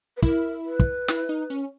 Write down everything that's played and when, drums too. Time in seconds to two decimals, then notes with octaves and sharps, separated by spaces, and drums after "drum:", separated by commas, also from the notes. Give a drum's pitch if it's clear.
0.17 B4
0.22 E4 A#4, drum: kick
0.65 B4
0.80 drum: kick
1.08 E4, drum: snare
1.29 D#4
1.50 C#4